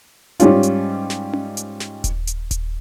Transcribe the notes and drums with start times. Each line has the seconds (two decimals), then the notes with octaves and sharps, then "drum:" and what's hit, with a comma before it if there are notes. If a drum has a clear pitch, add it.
0.40 G#2 G3 C#4 F4, drum: hi-hat
0.63 drum: hi-hat
1.10 drum: snare
1.33 drum: tom C#4
1.57 drum: hi-hat
1.80 drum: snare
2.04 drum: kick D#1, hi-hat
2.27 drum: hi-hat
2.51 drum: kick D#1, hi-hat